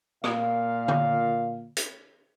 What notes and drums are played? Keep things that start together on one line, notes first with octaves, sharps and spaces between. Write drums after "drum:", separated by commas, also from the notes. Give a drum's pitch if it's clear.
A#2 F5, drum: rim click
drum: tom D3
drum: hi-hat